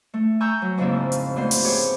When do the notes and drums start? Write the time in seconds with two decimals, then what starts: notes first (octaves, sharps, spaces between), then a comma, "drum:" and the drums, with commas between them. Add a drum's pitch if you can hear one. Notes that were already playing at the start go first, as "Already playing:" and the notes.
0.14 A3
0.40 G#5 A#5 C#6 E6 G6
0.62 F#3
0.78 F2 G#2 C#3 F3 A#3 E4
1.12 drum: hi-hat
1.36 D2 G#2 B3 C5
1.51 drum: open hi-hat
1.64 G4 G#4 C#5